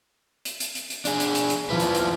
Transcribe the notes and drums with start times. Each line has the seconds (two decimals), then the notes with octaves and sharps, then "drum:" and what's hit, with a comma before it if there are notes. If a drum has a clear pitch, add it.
0.45 drum: hi-hat
0.60 drum: hi-hat
0.75 drum: hi-hat
0.90 drum: hi-hat
1.05 D4 G#4, drum: hi-hat
1.20 drum: hi-hat
1.35 drum: hi-hat
1.50 drum: hi-hat
1.70 F2 F3 E4 B4
1.80 drum: hi-hat
1.95 drum: hi-hat